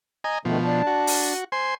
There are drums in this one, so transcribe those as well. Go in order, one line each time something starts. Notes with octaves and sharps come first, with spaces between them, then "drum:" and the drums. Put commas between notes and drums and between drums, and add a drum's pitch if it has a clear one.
D#5 G#5 A#5
G2 B2 D#3 F3 A3
D4 A5
F#4
drum: open hi-hat
C5 G#5 C6